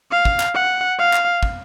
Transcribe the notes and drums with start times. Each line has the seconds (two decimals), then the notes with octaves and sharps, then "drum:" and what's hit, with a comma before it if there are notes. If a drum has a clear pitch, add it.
0.11 F5
0.25 drum: kick
0.40 drum: clap
0.54 F#5
0.99 F5
1.13 drum: clap
1.43 drum: kick